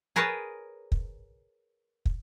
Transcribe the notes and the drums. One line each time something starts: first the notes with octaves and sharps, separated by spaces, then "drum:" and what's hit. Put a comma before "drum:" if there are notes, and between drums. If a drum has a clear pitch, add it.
G#4 A#4 B4 C#5 A5
drum: kick
drum: kick